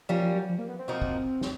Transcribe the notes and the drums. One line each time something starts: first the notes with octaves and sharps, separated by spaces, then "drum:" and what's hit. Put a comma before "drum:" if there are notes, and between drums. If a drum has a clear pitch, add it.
F3 G3 A#3 C#4
F3
F#3
F3
A#3
B3
C4
F3 A#3 D#4 F#4
drum: kick
drum: snare